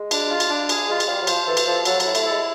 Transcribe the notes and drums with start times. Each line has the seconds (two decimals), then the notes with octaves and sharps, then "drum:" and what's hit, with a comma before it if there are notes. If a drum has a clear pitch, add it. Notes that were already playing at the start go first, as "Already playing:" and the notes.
Already playing: G#3
0.11 D4, drum: cymbal
0.30 F4
0.40 drum: cymbal
0.50 D4
0.69 G#4, drum: cymbal
0.89 G#3 F4
1.00 G#3, drum: cymbal
1.08 G3 F4
1.22 F#3
1.27 F3 C5, drum: cymbal
1.47 E3 A4
1.57 drum: cymbal
1.67 F3 A4
1.85 F#3 A4, drum: cymbal
2.00 F#3, drum: cymbal
2.05 E4
2.15 A3, drum: cymbal
2.26 G#3 A4